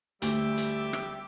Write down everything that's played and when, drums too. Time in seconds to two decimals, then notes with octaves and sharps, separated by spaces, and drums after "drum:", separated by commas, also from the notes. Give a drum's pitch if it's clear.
0.22 D2 G3 G4 E5, drum: hi-hat
0.58 drum: hi-hat
0.93 drum: rim click